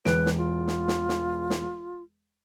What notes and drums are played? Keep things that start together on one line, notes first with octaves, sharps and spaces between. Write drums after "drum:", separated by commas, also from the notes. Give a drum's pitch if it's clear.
E1 E2 B4 D7, drum: snare
drum: snare
F4
drum: snare
drum: snare
drum: snare
drum: snare